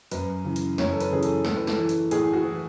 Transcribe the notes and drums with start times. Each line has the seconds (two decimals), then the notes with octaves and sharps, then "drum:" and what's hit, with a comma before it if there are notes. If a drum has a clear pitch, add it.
0.11 F#2 B4, drum: hi-hat
0.45 C#3 E3
0.56 drum: hi-hat
0.78 F#2 C#5, drum: snare
0.93 A4
1.00 B4, drum: hi-hat
1.11 C#3 E3 G#4
1.23 A4, drum: hi-hat
1.45 A2 A4, drum: snare
1.56 B4
1.67 A4, drum: snare
1.78 E3
1.89 drum: hi-hat
2.11 A2 G#4, drum: hi-hat
2.33 F#4
2.45 E3